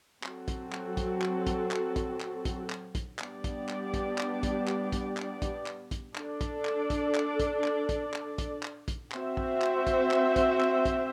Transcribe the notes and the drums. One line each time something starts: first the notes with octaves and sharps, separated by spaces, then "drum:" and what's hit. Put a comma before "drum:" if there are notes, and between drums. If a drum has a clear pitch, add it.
F#3 C4 F#4 A4, drum: clap
drum: kick, hi-hat
drum: clap
drum: kick, hi-hat
drum: clap
drum: kick, hi-hat
drum: clap
drum: kick, hi-hat
drum: clap
drum: kick, hi-hat
drum: clap
drum: kick, hi-hat
G3 B3 D4 G4 D5, drum: clap
drum: kick, hi-hat
drum: clap
drum: kick, hi-hat
drum: clap
drum: kick, hi-hat
drum: clap
drum: kick, hi-hat
drum: clap
drum: kick, hi-hat
drum: clap
drum: kick, hi-hat
D4 A4 D5, drum: clap
drum: kick, hi-hat
drum: clap
drum: kick, hi-hat
drum: clap
drum: kick, hi-hat
drum: clap
drum: kick, hi-hat
drum: clap
drum: kick, hi-hat
drum: clap
drum: kick, hi-hat
C4 F#4 C5 E5, drum: clap
drum: kick
drum: clap
drum: kick, hi-hat
drum: clap
drum: kick, hi-hat
drum: clap
drum: kick, hi-hat